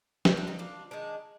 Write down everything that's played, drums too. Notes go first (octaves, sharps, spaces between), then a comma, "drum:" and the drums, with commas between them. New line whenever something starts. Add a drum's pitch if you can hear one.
D3 G3 A#3 C4, drum: snare
D4
C4 D#4
D4 F4
D#3 G#3 D4